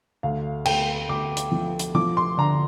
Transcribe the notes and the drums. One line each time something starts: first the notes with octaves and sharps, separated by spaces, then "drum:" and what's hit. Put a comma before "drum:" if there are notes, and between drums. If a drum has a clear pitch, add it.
D2 F5
D2 G5, drum: cymbal
D2 D6
drum: hi-hat
F3
drum: hi-hat
F3 D6
C6
D3 A#5